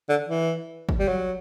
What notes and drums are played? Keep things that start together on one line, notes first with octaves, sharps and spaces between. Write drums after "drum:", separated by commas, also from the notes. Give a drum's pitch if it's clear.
D3
E3
drum: kick
G3
F#3